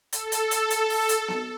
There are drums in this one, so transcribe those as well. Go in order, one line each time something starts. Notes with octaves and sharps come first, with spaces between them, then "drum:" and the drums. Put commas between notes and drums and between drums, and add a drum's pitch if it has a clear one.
A4, drum: hi-hat
drum: hi-hat
drum: hi-hat
drum: hi-hat
drum: open hi-hat
drum: hi-hat
drum: snare B3